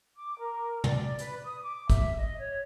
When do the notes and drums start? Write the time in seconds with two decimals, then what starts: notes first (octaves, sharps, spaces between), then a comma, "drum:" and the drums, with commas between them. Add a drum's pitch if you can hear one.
0.15 D6
0.40 A#4
0.84 D5, drum: tom
1.18 B4, drum: hi-hat
1.43 D#6
1.63 D6
1.90 E5, drum: kick, hi-hat
2.19 D#5
2.39 C#5